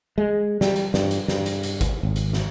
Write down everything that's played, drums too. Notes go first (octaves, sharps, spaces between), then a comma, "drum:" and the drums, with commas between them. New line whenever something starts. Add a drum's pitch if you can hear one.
G#3
G3, drum: snare
drum: hi-hat
G2, drum: snare
drum: hi-hat
G2, drum: snare
drum: hi-hat
drum: hi-hat
drum: kick, hi-hat
G#1
drum: hi-hat
drum: snare